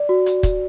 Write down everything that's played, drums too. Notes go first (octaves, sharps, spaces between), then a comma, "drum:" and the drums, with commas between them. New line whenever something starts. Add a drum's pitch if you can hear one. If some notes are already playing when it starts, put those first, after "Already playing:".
Already playing: D5
F#4
drum: hi-hat
drum: kick, hi-hat